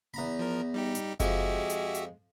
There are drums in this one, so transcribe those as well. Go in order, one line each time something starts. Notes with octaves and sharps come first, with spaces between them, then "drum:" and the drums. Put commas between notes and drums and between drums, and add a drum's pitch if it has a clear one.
E2 A#5 B5
F3 A#4
G3 D#4 G4
drum: hi-hat
F2 F3 G#3 F#4 G4 E5, drum: kick F#1, hi-hat
drum: hi-hat
drum: hi-hat